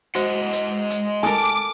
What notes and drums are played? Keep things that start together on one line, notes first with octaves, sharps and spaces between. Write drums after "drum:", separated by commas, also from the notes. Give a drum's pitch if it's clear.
G#3 F#4 C5 D#5 F#5, drum: hi-hat
drum: hi-hat
drum: hi-hat
A4 A#4 G#5 D6 D#6